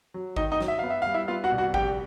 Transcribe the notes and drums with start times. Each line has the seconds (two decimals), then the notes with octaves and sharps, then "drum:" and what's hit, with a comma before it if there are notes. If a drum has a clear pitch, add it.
0.14 F#3
0.36 D#3 D#4 D#5, drum: kick G#1
0.52 D#4 D#5
0.60 F#3, drum: snare
0.68 E5
0.79 B3 F5
0.90 E5
1.02 G3 F5
1.14 E4 E5
1.28 B3 F4 F5
1.44 F#4 F#5
1.51 C2
1.58 F#4 F#5
1.74 A#1 G4 G5, drum: kick G#1